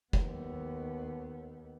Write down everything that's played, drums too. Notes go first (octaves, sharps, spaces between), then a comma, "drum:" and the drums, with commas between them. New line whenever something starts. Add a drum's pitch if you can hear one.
D#2 B3, drum: kick F1